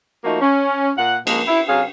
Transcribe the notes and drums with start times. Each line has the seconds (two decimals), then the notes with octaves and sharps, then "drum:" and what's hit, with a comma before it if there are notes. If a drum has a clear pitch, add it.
0.24 F3 A3 A#3 D#4 F#4
0.41 C#4
0.97 A#2 F#5
1.27 F3 G#3 A#3, drum: cymbal
1.47 E4
1.67 C3 F#3 G#4 F5